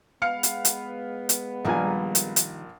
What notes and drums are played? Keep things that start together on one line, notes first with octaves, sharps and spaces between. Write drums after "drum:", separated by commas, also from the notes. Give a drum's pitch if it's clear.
G#3 B3 F5 F6 C#7
drum: hi-hat
drum: hi-hat
drum: hi-hat
A#1 A#2 D#3 G3 A#4 G#5
drum: hi-hat
drum: hi-hat